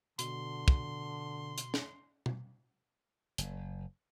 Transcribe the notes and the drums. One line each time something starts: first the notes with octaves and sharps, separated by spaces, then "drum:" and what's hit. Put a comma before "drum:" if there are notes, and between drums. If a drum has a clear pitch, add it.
B2 D3 C6, drum: hi-hat
drum: kick
drum: hi-hat
drum: snare
drum: tom B2
F#1, drum: hi-hat